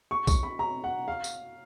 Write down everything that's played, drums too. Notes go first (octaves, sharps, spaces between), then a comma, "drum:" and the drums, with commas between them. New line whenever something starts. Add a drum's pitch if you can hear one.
C#6
C#6, drum: kick B1, tambourine
B5
A#5
F#5
F5
drum: tambourine